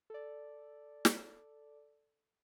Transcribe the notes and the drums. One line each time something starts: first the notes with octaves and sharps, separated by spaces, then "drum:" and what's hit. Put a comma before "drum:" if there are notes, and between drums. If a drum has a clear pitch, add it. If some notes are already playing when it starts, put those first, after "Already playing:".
A4 D5
drum: snare